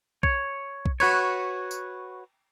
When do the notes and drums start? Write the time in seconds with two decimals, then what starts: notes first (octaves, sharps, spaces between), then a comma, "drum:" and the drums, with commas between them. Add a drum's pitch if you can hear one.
0.23 C#5, drum: kick B1
0.86 drum: kick B1
1.00 F#4 B4 C#5, drum: cymbal
1.71 drum: tambourine